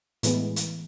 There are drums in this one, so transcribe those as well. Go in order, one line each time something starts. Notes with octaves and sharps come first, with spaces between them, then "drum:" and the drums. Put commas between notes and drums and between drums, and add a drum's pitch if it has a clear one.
A2 E3 G#3 B3, drum: hi-hat
drum: hi-hat